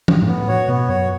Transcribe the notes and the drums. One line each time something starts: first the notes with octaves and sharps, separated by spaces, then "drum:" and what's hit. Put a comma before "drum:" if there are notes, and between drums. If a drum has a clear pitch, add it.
drum: tom
G#2
A2 B3
F#4 C#5
B2 B3
F#2 F#4 C#5